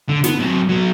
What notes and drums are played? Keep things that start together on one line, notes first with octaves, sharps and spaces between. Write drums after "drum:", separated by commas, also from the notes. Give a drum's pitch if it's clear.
D3
B3, drum: snare
F#3 C4
F#3 B3